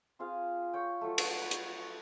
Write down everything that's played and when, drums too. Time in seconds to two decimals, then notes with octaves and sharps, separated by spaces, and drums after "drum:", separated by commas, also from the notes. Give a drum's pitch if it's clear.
0.19 C4 F4 G#4 F5
0.73 C#5 G5
1.01 F3 F#3 A3
1.18 drum: cymbal
1.42 B5
1.51 drum: hi-hat